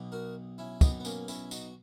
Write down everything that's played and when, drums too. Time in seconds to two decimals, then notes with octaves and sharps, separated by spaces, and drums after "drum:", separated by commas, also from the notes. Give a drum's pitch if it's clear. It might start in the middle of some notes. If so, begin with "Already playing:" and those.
Already playing: B1 B2
0.12 F#4 A#4
0.58 C#4 E4
0.81 B1 B2 B3 D#4, drum: kick, tambourine
1.00 B3
1.05 A#3 C#4, drum: tambourine
1.28 C#4 E4, drum: tambourine
1.51 D#4 F#4, drum: tambourine